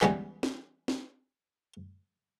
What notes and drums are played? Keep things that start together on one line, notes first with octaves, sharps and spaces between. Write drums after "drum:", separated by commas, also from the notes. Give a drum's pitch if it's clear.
E3 G3 G#3 B3 C#4, drum: clap
drum: snare
drum: snare